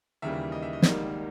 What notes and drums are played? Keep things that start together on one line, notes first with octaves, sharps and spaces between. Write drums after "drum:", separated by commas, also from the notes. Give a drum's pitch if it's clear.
D#2 C#3 E3 G3 A#3 E5
D#5
E5
D#5
G#1 G#2 G3 A#3, drum: snare